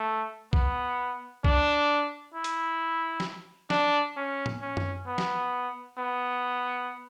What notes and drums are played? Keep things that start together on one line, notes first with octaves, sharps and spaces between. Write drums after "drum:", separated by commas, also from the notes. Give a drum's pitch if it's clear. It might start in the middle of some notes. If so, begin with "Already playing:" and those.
Already playing: A3
B3, drum: kick B1
D4, drum: kick B1
E4
drum: hi-hat
drum: snare
D4, drum: snare
C#4
drum: tom A2
C#4
drum: tom F#2
B3
drum: snare
B3